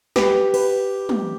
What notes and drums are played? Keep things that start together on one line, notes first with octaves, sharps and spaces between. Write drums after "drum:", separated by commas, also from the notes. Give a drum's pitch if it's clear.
G4 B4, drum: snare
B4, drum: cymbal
drum: tom